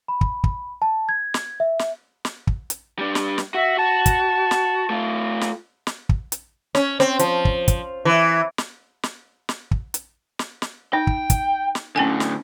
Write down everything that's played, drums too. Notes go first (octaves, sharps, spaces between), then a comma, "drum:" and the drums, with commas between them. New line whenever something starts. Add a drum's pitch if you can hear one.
B5
drum: kick
drum: kick
A5
G#6
drum: snare
E5
drum: snare
drum: snare
drum: kick
drum: hi-hat
G3 D4
drum: snare
drum: snare
F#4 E5
F#4 A5
drum: kick, hi-hat
drum: snare
A3 F4
drum: snare
drum: snare
drum: kick
drum: hi-hat
C#4, drum: snare
C4, drum: snare
F3, drum: hi-hat
drum: kick
drum: kick, hi-hat
E3
drum: snare
drum: snare
drum: snare
drum: kick
drum: hi-hat
drum: snare
drum: snare
D#4 G5
drum: kick
drum: kick, hi-hat
drum: snare
A2 D3 C#4 G5 G#5
drum: snare